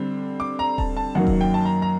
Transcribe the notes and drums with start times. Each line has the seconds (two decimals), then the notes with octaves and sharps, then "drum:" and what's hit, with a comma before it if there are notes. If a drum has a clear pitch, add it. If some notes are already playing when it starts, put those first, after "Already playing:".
Already playing: D3 G3 C4
0.40 D6
0.59 A#5
0.78 A5, drum: kick D#1
0.97 A5
1.15 F#2 D#3 F#3 A#3 F#5
1.27 drum: kick D#1
1.41 G5
1.54 A5
1.65 A#5
1.82 A#5